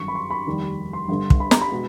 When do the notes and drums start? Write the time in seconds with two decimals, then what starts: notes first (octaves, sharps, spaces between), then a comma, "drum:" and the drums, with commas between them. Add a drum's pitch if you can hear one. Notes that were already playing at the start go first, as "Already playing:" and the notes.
Already playing: G1 F#2 D#3 C#6
0.08 B5
0.15 C6
0.30 B5
0.47 F1 D#2 D#3 G3
0.93 C6
1.08 G1 G2 D3
1.30 drum: kick
1.40 B5
1.51 A#5, drum: snare
1.61 B5
1.71 B2 G#3 B3